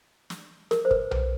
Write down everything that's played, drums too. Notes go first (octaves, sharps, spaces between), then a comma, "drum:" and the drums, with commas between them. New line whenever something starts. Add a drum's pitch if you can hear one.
drum: snare
A#4, drum: snare
C5
B4, drum: kick
B4, drum: tom B1